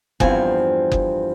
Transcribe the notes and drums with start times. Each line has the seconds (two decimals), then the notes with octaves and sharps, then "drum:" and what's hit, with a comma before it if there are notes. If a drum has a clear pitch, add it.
0.20 E2 G2 F3 C4 G#5, drum: kick F#1
0.92 drum: kick F#1